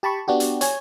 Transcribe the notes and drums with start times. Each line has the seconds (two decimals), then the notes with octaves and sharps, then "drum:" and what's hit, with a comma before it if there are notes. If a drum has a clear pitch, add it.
0.03 G4 A5 B5 C#6
0.28 B3 D4 F#4 G4
0.40 drum: hi-hat
0.61 C#5 G#5, drum: hi-hat